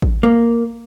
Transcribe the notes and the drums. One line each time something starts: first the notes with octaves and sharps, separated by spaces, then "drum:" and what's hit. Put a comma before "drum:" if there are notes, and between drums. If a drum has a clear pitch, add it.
drum: kick A1
A#3